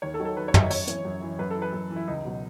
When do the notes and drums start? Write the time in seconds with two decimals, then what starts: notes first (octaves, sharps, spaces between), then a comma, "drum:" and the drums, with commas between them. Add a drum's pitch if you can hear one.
0.02 D#2 C#5
0.14 A4
0.20 D#3 F#3
0.25 A4
0.37 D#2 B4
0.48 C#5
0.54 D#3 F#3 D#5 E5, drum: tom
0.70 F#2 C#5, drum: open hi-hat
0.88 E3, drum: hi-hat
1.05 F#2
1.22 E3
1.39 F#2 B4
1.50 A4
1.57 E3
1.62 B4
1.73 F#2
1.90 E3
1.96 E4
2.07 C#2 D#4
2.25 B2 F#3